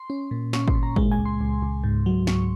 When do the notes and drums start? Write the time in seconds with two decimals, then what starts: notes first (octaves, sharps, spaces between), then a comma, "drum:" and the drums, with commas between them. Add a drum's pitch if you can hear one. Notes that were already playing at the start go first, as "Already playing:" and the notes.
Already playing: C6
0.10 C#4
0.31 A#2
0.53 C#4 C#6, drum: snare
0.68 C6, drum: kick
0.75 A#2
0.83 A#5
0.96 G#3, drum: kick
1.11 G#5
1.18 C#2
1.25 C6
1.41 C#2
1.62 C#2
1.84 G#2
2.06 F#3
2.27 F#3 C#6, drum: snare